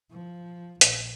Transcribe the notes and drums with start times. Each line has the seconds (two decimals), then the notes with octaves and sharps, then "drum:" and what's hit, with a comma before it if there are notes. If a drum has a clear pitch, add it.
0.11 F3
0.81 A#1, drum: hi-hat